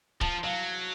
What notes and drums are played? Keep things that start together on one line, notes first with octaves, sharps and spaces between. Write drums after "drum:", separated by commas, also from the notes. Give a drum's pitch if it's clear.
F3 A5, drum: kick
F#3 F5